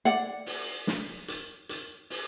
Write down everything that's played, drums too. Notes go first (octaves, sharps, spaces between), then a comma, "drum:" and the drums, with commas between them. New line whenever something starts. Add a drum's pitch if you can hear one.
D5 F#5
drum: open hi-hat
drum: snare
drum: hi-hat
drum: hi-hat
drum: open hi-hat